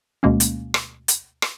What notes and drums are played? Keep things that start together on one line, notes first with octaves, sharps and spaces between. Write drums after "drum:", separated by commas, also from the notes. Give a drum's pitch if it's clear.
D2 B2 G#3 A#3 C#4
drum: hi-hat
drum: rim click
drum: hi-hat
drum: rim click